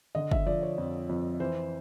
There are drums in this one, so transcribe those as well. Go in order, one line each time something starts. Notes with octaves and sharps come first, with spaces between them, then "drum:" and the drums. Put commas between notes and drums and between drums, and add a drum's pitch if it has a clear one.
D3 D#5
E5, drum: kick
F3 D5
C#5
F2
F2
E3 C5